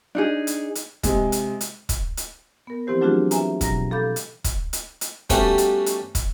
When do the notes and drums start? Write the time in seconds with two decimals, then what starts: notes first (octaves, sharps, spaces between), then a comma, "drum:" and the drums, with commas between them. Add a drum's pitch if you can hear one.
0.15 D4 D#4 G#4
0.47 drum: hi-hat
0.75 drum: hi-hat
1.03 C3 G#3, drum: kick, hi-hat
1.32 drum: hi-hat
1.61 drum: hi-hat
1.89 drum: kick, hi-hat
2.17 drum: hi-hat
2.67 B3 A#4
2.87 E3 F3 C4 E4 G4 C5
3.01 F#3 A3 D4 F4 F#4 G#4
3.31 B4 E5 G#5 A#5, drum: hi-hat
3.61 B2 F#3 A#5 A#6, drum: kick, hi-hat
3.91 A4 F5 B5 D6 G6 A6
4.16 drum: hi-hat
4.44 drum: kick, hi-hat
4.73 drum: hi-hat
5.01 drum: hi-hat
5.30 G3 A3 B3 C#4 F#4 G4, drum: kick, hi-hat
5.58 drum: hi-hat
5.86 drum: hi-hat
6.15 drum: kick, hi-hat